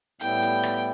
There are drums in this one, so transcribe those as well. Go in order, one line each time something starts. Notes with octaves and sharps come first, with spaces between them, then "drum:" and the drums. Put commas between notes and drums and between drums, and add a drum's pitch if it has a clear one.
A2 G3 B3 E4 G5, drum: hi-hat
drum: hi-hat
drum: rim click